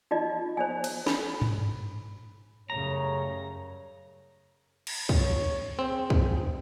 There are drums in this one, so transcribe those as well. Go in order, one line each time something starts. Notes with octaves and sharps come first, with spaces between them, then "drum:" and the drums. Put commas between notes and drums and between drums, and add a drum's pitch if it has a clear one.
D#4 F4 D5 D#5
C5 D5 G#5
C5, drum: cymbal
B5, drum: snare
drum: tom G2
F#2 C#3 G3 A3 C#5 A#5
drum: cymbal
C#5, drum: kick
C4 G#4
drum: kick